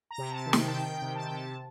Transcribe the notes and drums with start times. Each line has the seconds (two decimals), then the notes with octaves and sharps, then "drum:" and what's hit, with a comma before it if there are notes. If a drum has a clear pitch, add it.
0.11 A#5
0.18 C3
0.32 A5
0.46 D#3
0.53 G5, drum: snare
0.68 A5
0.74 D#3 G5
1.02 C3
1.15 A5
1.25 G5
1.30 C3 A5